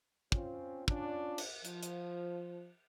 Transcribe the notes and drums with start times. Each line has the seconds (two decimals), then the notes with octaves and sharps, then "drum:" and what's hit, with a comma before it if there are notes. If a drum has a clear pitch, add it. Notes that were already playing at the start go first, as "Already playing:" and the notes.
0.32 C4 C#4 F4, drum: kick
0.88 C#4 D4 F4, drum: kick
1.38 drum: cymbal
1.65 F3, drum: hi-hat
1.83 drum: hi-hat